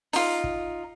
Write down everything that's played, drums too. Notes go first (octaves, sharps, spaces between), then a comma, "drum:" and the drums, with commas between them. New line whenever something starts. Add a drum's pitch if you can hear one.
D#4 F4, drum: open hi-hat
drum: kick